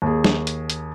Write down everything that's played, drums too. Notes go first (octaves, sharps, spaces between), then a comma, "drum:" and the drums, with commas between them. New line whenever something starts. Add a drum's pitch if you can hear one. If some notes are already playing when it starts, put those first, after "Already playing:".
D#2 G#4
drum: snare
drum: hi-hat
drum: hi-hat